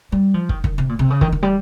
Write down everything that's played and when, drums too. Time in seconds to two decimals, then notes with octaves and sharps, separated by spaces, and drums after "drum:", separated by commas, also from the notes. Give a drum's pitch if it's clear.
0.12 G3
0.34 F3
0.49 D#3, drum: kick
0.64 D#3, drum: kick
0.78 C3
0.89 A#2
0.99 C3
1.10 C#3
1.21 D#3, drum: kick
1.32 D#3
1.43 G3